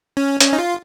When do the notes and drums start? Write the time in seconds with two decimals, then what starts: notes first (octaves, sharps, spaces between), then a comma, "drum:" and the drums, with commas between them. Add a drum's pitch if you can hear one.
0.17 C#4
0.40 C#4, drum: hi-hat
0.53 D#4
0.59 F4